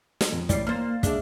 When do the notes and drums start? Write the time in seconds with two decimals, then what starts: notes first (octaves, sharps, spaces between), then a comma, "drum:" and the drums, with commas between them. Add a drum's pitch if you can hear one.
0.21 drum: snare
0.32 F2
0.49 A1 G#2 G3 D5 C7, drum: kick, hi-hat
0.67 A#3 C5 F6 A6
1.03 G#3 D4 G#4 E5, drum: kick, hi-hat